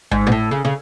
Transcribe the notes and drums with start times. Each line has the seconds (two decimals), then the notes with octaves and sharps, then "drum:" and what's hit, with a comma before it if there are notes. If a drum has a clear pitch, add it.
0.11 G#2, drum: kick G#1
0.27 B2
0.32 A2
0.51 C#3
0.65 C#3